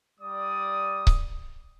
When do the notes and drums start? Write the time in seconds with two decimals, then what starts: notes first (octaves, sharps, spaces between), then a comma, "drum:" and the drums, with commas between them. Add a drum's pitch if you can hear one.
0.19 G3 D5 D#6
1.07 drum: kick C#1